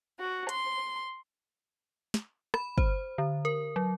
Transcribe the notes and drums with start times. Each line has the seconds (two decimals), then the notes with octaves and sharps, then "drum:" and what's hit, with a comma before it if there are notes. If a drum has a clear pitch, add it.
0.19 F#4
0.49 C6, drum: hi-hat
2.14 drum: snare
2.54 B5, drum: rim click
2.78 C5, drum: kick
3.18 D3
3.45 A#4
3.76 F#3